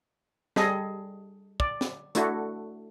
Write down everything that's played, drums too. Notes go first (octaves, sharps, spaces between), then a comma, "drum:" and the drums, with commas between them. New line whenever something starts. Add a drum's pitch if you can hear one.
G3 G#4 A4 D#5, drum: snare
D5, drum: kick
drum: snare
A3 D4 E4 F#4 A4, drum: hi-hat